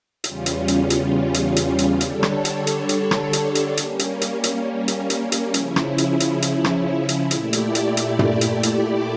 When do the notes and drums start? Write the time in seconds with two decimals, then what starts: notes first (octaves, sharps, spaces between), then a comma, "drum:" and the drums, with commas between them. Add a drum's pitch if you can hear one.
0.24 E2 C#3 G3 C#4 F4, drum: hi-hat
0.46 drum: hi-hat
0.68 drum: hi-hat
0.90 drum: hi-hat
1.34 drum: hi-hat
1.56 drum: hi-hat
1.79 drum: hi-hat
2.01 D3 G3 D4 A4 C#5, drum: hi-hat
2.23 drum: rim click
2.45 drum: hi-hat
2.67 drum: hi-hat
2.89 drum: hi-hat
3.11 drum: rim click
3.33 drum: hi-hat
3.55 drum: hi-hat
3.77 G3 A#3 C#4, drum: hi-hat
3.99 drum: hi-hat
4.21 drum: hi-hat
4.44 drum: hi-hat
4.88 drum: hi-hat
5.10 drum: hi-hat
5.32 drum: hi-hat
5.54 C#3 F3 C#4 E4, drum: hi-hat
5.76 drum: rim click
5.98 drum: hi-hat
6.20 drum: hi-hat
6.42 drum: hi-hat
6.64 drum: rim click
7.09 drum: hi-hat
7.31 A#2 A3 E4 G4 D5, drum: hi-hat
7.53 drum: hi-hat
7.75 drum: hi-hat
7.97 drum: hi-hat
8.19 drum: tom
8.41 drum: hi-hat
8.63 drum: hi-hat